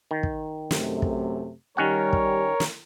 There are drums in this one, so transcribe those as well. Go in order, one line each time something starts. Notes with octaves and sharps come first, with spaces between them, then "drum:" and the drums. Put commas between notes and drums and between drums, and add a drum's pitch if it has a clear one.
D#3
drum: kick
F#2 C3 A3, drum: snare
drum: kick
D#3 G3 C#4 G4 A#4 C#5 F#5
drum: kick
drum: snare